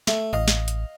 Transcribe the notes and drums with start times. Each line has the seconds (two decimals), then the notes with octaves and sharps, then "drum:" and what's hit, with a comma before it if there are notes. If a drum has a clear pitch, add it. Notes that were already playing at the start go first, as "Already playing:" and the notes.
0.07 A3, drum: snare
0.33 A1 D#5 F5
0.48 drum: snare
0.68 drum: hi-hat